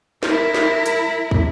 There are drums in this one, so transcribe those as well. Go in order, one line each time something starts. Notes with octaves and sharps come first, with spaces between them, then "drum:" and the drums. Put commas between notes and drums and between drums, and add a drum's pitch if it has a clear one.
E4 A#4, drum: snare
drum: snare
drum: hi-hat
drum: kick